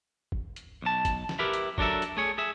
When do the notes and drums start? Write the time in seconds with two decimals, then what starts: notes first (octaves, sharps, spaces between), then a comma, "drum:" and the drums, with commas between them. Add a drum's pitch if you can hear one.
0.32 drum: kick F#1
0.56 drum: hi-hat
0.82 B1 A5
1.05 drum: kick F#1, hi-hat
1.29 drum: snare
1.39 E4 G4 A#4 B4 E5
1.54 drum: hi-hat
1.78 F#3 D4 A4 A#4 E5, drum: kick F#1
2.02 drum: hi-hat
2.17 A3 G#4 C#5
2.38 G#4 E5